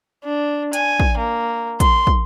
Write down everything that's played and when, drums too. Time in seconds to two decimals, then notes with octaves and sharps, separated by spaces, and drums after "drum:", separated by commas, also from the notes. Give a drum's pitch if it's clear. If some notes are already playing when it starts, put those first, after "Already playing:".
0.24 D4
0.73 G#5, drum: hi-hat
1.00 drum: kick
1.18 A#3
1.80 C6, drum: kick, hi-hat
2.07 drum: kick